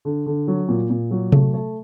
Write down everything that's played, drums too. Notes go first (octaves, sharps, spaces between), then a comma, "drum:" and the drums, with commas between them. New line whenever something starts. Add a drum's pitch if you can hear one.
D3
D3
F#3
A#2
A#2
F#3
A3, drum: tom C3
A3